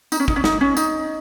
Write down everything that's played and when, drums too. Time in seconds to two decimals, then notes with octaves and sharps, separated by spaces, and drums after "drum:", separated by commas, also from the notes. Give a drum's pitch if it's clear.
0.12 D#4, drum: tambourine
0.20 C#4
0.28 D#4, drum: kick
0.36 C#4
0.44 D#4, drum: snare
0.61 C#4
0.77 D#4, drum: tambourine